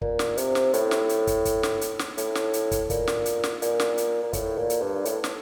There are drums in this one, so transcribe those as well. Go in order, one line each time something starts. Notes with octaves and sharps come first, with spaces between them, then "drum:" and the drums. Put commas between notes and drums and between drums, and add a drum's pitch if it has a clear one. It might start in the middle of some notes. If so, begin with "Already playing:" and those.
A#2, drum: kick
drum: snare
C3, drum: hi-hat
drum: snare
A2, drum: hi-hat
drum: snare
drum: hi-hat
drum: kick, hi-hat
drum: kick, hi-hat
drum: snare
drum: hi-hat
drum: snare
A2, drum: hi-hat
drum: snare
drum: hi-hat
drum: kick, hi-hat
A#2, drum: kick, hi-hat
drum: snare
drum: hi-hat
drum: snare
A#2, drum: hi-hat
drum: snare
drum: hi-hat
A#2
A2, drum: kick, hi-hat
A#2
drum: hi-hat
G2
A2, drum: hi-hat
drum: snare